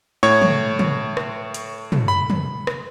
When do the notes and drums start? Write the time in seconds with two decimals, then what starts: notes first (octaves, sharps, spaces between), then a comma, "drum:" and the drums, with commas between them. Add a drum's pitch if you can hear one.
0.23 A2 C#5 C#6 G#6
0.42 drum: tom
0.79 drum: tom
1.17 drum: rim click
1.54 drum: hi-hat
1.92 drum: tom
2.08 B5
2.30 drum: tom
2.67 drum: rim click